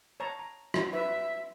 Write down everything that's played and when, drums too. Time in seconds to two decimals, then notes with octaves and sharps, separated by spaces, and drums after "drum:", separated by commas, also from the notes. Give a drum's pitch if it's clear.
0.20 C#5 A5 A#5
0.39 A#5
0.74 drum: rim click
0.93 B4 E5